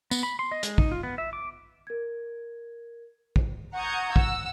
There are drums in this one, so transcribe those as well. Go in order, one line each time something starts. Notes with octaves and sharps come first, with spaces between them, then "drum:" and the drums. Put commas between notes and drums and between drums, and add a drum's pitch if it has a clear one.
B3, drum: tambourine
B5
C6
D#5
G#3, drum: hi-hat
D#4, drum: kick
F4
B3
E5
D6
A#4 G#6
drum: kick
F#5 A#5 C#6 D#6 G6 G#6
F#5 E6, drum: kick